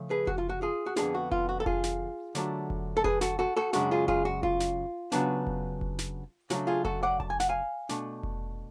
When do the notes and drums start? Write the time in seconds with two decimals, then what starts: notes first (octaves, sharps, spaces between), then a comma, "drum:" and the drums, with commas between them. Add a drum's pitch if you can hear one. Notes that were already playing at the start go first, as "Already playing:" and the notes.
Already playing: C#3 F3 A3
0.10 G#4 B4
0.27 F#4, drum: kick F1
0.38 F4
0.49 F#4
0.62 F4 G#4
0.86 F#4
0.96 F2 D3 G#3 B3 D4 F4 G#4, drum: snare
1.15 F#4
1.32 F4, drum: kick F1
1.49 F#4
1.60 A4
1.66 F4 G#4, drum: kick F1
1.83 drum: snare
2.35 D3 F#3 A3 D4, drum: snare
2.70 drum: kick F1
2.97 A4
3.04 G#4 B4, drum: kick F1
3.21 F#4 A4, drum: snare
3.39 F#4 A4
3.57 F#4 A4
3.73 F#2 C#3 G#3 D4 F#4, drum: snare
3.91 F4 G#4
4.08 F4 G#4, drum: kick F1
4.25 F#4
4.43 F4, drum: kick F1
4.60 drum: snare
5.12 C#3 F#3 B3 D4, drum: snare
5.47 drum: kick F1
5.81 drum: kick F1
5.99 drum: snare
6.50 C#3 F#3 A3 D4 F#4, drum: snare
6.67 F4 G#4
6.85 F#4 A4, drum: kick F1
7.03 D5 F#5
7.20 A5, drum: kick F1
7.30 G#5
7.40 F#5, drum: snare
7.49 F5 G#5
7.89 B2 A3 D4, drum: snare
8.23 drum: kick F1